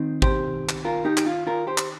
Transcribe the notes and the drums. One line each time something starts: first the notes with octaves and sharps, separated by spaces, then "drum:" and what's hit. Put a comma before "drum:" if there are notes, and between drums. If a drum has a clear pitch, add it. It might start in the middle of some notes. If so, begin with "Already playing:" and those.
Already playing: D#3 C4 D#4
G4 C5, drum: kick
drum: clap
F4 A#4
D#4 G4
G4, drum: clap
F4
F4 A#4
G4 C5
drum: clap